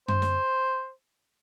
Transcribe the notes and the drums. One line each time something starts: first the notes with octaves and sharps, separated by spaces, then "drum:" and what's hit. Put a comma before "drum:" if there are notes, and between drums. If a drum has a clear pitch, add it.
C5, drum: tom F#2
drum: snare